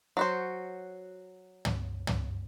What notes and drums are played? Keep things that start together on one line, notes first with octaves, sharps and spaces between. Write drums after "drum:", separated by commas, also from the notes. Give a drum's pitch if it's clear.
F#3 F#4 C5
drum: tom
drum: tom